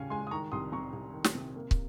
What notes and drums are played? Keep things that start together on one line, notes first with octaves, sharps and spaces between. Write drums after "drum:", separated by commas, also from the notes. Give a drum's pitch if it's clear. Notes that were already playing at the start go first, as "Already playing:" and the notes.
Already playing: D#2 C#3 C#4 F5 G#5
G#3 G#5 C6
D#6
D#3 A#5 C#6
C2 C6 D#6
C3 A#5 C#6
C2
D#3
drum: snare
C3
A#3
drum: kick